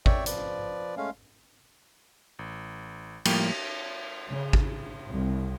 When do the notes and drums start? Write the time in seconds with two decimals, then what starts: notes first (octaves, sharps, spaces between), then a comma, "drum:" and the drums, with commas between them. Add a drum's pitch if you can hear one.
0.06 C#5 D5 E5 G5 C#6, drum: kick G#1
0.26 F3 B4 D5, drum: hi-hat
0.97 G#3 A3 C#4 F5
2.39 A1
3.25 A2 F3 G3 A#3 G5, drum: cymbal
4.30 C#3
4.53 drum: kick G#1
5.09 C2